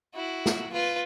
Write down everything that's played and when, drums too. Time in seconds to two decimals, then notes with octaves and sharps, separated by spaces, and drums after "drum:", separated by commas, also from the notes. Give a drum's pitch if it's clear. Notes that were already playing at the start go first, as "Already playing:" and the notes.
0.14 E4 F#4
0.46 drum: snare
0.73 F4 B4